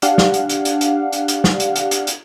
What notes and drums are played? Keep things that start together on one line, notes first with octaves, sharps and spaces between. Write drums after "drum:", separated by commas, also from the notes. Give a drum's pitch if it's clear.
D4 G4 F5 F#5, drum: hi-hat
drum: snare
drum: hi-hat
drum: hi-hat
drum: hi-hat
drum: hi-hat
drum: hi-hat
drum: hi-hat
drum: snare
drum: hi-hat
drum: hi-hat
drum: hi-hat
drum: hi-hat